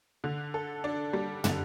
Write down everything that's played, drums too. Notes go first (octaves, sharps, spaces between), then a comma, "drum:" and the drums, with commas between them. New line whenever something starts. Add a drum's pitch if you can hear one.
D3
A4
D4
G3
D3, drum: tom